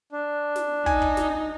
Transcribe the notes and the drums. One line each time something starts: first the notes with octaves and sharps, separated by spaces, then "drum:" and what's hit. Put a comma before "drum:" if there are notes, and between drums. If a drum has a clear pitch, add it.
D4
drum: snare
D#4 G#5, drum: kick
drum: kick
drum: snare